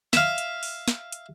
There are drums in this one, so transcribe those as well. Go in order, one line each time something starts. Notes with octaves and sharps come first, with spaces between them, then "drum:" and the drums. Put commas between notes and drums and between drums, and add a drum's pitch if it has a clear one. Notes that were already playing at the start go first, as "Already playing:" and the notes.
E5 F5, drum: snare
drum: hi-hat
drum: open hi-hat
drum: snare
drum: hi-hat